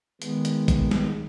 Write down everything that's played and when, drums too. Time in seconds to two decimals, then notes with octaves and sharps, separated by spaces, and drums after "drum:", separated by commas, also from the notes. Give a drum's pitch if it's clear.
0.22 D#3 G#3 B3, drum: hi-hat
0.45 drum: hi-hat
0.68 drum: kick, hi-hat
0.91 drum: snare